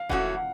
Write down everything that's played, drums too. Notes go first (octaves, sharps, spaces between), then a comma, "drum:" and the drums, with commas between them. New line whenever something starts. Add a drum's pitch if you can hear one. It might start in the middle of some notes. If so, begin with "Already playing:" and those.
Already playing: F5
E3 A3 C#4 F#4 F#5, drum: kick D#1